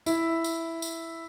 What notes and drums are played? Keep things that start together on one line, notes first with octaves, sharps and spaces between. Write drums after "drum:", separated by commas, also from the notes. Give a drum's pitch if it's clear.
E4, drum: tambourine
drum: tambourine
drum: tambourine